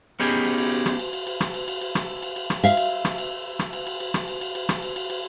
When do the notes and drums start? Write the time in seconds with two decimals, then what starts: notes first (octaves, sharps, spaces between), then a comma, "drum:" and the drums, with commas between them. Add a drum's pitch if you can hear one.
0.20 B3 C#4 D#4 G4 G#4
0.45 drum: cymbal
0.58 drum: cymbal
0.72 drum: cymbal
0.86 drum: rim click
0.99 drum: cymbal
1.13 drum: cymbal
1.27 drum: cymbal
1.40 drum: rim click
1.54 drum: cymbal
1.68 drum: cymbal
1.81 drum: cymbal
1.95 drum: rim click
2.23 drum: cymbal
2.36 drum: cymbal
2.50 drum: rim click
2.64 E5 F5, drum: cymbal
2.77 drum: cymbal
3.05 drum: rim click
3.18 drum: cymbal
3.59 drum: rim click
3.73 drum: cymbal
3.87 drum: cymbal
4.00 drum: cymbal
4.14 drum: rim click
4.28 drum: cymbal
4.41 drum: cymbal
4.55 drum: cymbal
4.69 drum: rim click
4.82 drum: cymbal
4.96 drum: cymbal
5.10 drum: cymbal